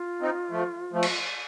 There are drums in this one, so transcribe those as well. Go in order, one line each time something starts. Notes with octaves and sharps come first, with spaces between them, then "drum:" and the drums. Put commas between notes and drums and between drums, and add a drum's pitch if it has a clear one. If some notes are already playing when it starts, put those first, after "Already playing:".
Already playing: F4
C4 D#4
F3 A3
F3 A3
drum: cymbal